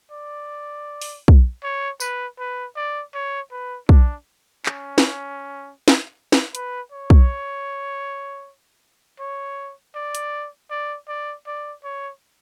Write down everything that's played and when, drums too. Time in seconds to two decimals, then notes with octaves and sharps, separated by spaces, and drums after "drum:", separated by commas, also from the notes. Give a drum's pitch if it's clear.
0.11 D5
1.02 drum: open hi-hat
1.28 drum: kick
1.63 C#5
2.00 B4, drum: tambourine
2.39 B4
2.76 D5
3.14 C#5
3.52 B4
3.89 D4, drum: kick
4.66 C#4, drum: clap
4.98 drum: snare
5.88 drum: snare
6.32 drum: snare
6.55 B4, drum: hi-hat
6.92 C#5
7.10 drum: kick
9.20 C#5
9.95 D5
10.15 drum: hi-hat
10.70 D5
11.08 D5
11.47 D5
11.84 C#5